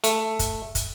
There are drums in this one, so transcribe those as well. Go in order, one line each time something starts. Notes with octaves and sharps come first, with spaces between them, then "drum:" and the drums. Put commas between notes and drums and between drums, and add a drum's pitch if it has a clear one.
A3, drum: hi-hat
drum: kick, hi-hat
drum: kick, hi-hat